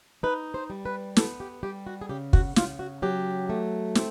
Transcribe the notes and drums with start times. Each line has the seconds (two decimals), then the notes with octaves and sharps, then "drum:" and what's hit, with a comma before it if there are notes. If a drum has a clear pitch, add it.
0.23 D#4 B4
0.54 C5
0.70 G3
0.85 B4
1.16 B3 A4, drum: snare
1.40 G4
1.63 G3 G4
1.87 F#4
2.01 G#4
2.09 C#3 G4
2.33 F#4, drum: kick
2.56 C#3 F4, drum: snare
2.79 F#4
3.02 F#3 G4
3.49 A3
3.95 C4, drum: snare